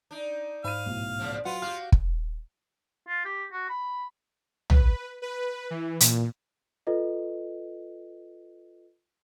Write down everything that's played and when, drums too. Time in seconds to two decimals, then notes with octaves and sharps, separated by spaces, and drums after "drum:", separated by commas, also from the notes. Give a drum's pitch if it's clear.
0.11 D4 D#4
0.65 G#2 F5 B5 D#7
0.86 B1 A2
1.19 C#3 F3 C4
1.45 F#3 F4 B4 F#5
1.62 F#4 G4 F5 F6
1.92 drum: kick
3.08 F4
3.25 G4
3.52 F#4
3.69 B5
4.70 B4, drum: tom
5.22 B4
5.70 E3
6.00 A#2, drum: hi-hat
6.87 F4 A4 B4 D#5